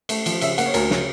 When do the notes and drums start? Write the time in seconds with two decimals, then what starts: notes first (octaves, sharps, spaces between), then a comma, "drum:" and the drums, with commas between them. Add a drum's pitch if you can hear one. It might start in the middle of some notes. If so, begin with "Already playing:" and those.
0.09 A3, drum: cymbal
0.26 F3, drum: cymbal
0.41 C#3 E5, drum: cymbal
0.58 A#3 F#5, drum: cymbal
0.66 C#5
0.74 D2 A#4, drum: cymbal
0.91 C#3, drum: snare